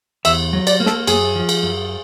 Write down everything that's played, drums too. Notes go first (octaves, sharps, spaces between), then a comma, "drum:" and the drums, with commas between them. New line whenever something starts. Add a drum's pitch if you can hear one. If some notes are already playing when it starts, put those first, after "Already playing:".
E2 E5, drum: cymbal
F#3
D5, drum: cymbal
A#3
A4, drum: snare
F#2 G#4, drum: cymbal
F3
drum: cymbal
F#2